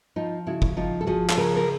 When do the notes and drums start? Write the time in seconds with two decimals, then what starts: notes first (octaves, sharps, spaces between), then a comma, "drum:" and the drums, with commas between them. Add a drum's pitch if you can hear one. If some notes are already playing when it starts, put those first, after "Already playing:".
0.16 F3 D#4 F4
0.47 C#3 E4 F#4
0.62 drum: kick
0.77 F3 D#4 F4
1.01 A4
1.07 F3 F#4 G#4
1.29 A4, drum: clap
1.37 C#3 G#4 A#4
1.56 A#4